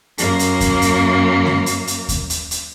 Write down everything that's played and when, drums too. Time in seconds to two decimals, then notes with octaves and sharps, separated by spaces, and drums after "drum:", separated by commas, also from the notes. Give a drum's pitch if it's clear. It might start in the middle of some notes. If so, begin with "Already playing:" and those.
0.18 F#2 A#3, drum: hi-hat
0.39 drum: hi-hat
0.60 drum: kick D#2, hi-hat
0.82 drum: hi-hat
1.45 drum: snare G#3
1.66 drum: hi-hat
1.87 drum: hi-hat
2.09 drum: kick D#2, hi-hat
2.30 drum: hi-hat
2.51 drum: hi-hat